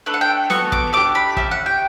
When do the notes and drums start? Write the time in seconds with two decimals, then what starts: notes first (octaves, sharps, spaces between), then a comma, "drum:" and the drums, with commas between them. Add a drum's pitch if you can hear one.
0.06 A3 D4 A4 B4
0.14 F#5
0.21 G5
0.50 B3 F#4 A4 C#6, drum: snare
0.72 D6, drum: kick
0.93 A3 D4 G4 D6
1.15 B5
1.37 C#4 E4 G4 E5, drum: kick
1.51 F#5
1.66 G5